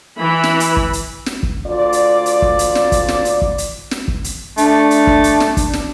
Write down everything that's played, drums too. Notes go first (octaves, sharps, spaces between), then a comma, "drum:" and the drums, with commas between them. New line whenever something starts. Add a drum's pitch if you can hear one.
E3 B5
drum: snare
drum: hi-hat
drum: kick
drum: hi-hat
drum: snare
drum: kick
D2 F4 D5
drum: hi-hat
drum: hi-hat
drum: kick
drum: hi-hat
drum: snare
drum: kick, hi-hat
drum: snare
drum: hi-hat
drum: kick
drum: hi-hat
drum: snare
drum: kick
drum: hi-hat
A3 D4, drum: hi-hat
drum: hi-hat
drum: kick
drum: hi-hat
drum: snare
drum: kick, hi-hat
drum: snare